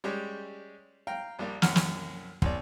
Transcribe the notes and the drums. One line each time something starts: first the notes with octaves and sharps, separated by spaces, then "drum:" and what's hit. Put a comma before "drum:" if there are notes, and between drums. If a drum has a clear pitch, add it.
G3 G#3 C#4 G4
F5 G5 A#5
A#1 G3 A#3 D5
C2 F#2 F#5 F6, drum: snare
drum: snare
B1 D5, drum: kick